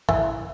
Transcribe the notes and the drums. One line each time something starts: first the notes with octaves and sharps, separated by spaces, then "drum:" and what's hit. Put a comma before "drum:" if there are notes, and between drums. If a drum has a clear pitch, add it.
E3, drum: kick